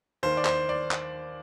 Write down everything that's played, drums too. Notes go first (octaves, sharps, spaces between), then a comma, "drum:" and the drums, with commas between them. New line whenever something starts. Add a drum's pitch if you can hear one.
D#2 D#3 C5
D5
C5, drum: clap
D5
drum: clap